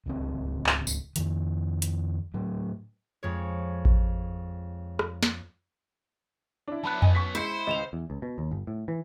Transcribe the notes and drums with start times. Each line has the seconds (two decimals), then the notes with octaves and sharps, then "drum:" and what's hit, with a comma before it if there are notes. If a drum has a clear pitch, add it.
0.06 D1 C#2 C4
0.66 drum: clap
0.87 drum: tambourine
1.16 F2 D#3, drum: hi-hat
1.82 drum: hi-hat
2.34 A2 F#3
3.23 F2 G#3 C#5
3.85 drum: kick A1
4.99 drum: rim click
5.23 drum: snare
6.68 D4 E4
6.84 F#3 B3 A5 B5 F#6
7.02 D#5 G#5, drum: tom F2
7.15 C#6 B6
7.35 G#3 E4 C5 G6 C#7
7.67 C#2 D#5 E7 F7
7.93 E2
8.10 C#2
8.22 B2
8.38 D#2
8.51 G1
8.67 A2
8.88 E3